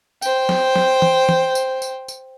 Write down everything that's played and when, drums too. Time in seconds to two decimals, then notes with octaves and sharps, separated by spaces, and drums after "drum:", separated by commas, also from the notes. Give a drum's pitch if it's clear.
0.22 C5 G5, drum: tambourine
0.49 drum: snare
0.76 drum: snare
1.02 drum: tom
1.29 drum: tom
1.55 drum: tambourine
1.82 drum: tambourine
2.08 drum: tambourine